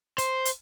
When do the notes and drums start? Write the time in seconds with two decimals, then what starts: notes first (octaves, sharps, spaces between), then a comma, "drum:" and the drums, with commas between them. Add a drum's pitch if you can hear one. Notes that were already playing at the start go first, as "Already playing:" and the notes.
0.18 C5, drum: hi-hat
0.45 drum: hi-hat